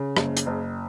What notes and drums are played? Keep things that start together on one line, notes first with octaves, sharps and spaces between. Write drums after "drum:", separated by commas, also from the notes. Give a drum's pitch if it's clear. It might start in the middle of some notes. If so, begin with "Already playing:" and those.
Already playing: C#3
F#1, drum: rim click
drum: hi-hat
F#1